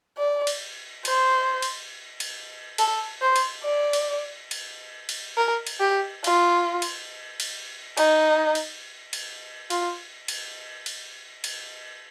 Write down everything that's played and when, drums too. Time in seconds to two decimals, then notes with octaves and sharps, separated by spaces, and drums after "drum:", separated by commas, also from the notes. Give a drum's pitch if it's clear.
0.18 D5
0.47 drum: cymbal
1.05 C5, drum: cymbal
1.62 drum: cymbal
2.20 drum: cymbal
2.78 A4, drum: cymbal
3.22 C5
3.36 drum: cymbal
3.64 D5
3.93 drum: cymbal
4.51 drum: cymbal
5.09 drum: cymbal
5.38 A#4
5.67 drum: cymbal
5.80 G4
6.24 F4, drum: cymbal
6.82 drum: cymbal
7.40 drum: cymbal
7.97 D#4, drum: cymbal
8.55 drum: cymbal
9.13 drum: cymbal
9.70 F4, drum: cymbal
10.28 drum: cymbal
10.86 drum: cymbal
11.44 drum: cymbal